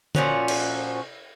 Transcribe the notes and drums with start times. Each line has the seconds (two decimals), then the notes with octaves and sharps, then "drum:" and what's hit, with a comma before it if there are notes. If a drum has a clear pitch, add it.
0.15 A#2 F3 C#4 F#4, drum: tom D3
0.48 drum: cymbal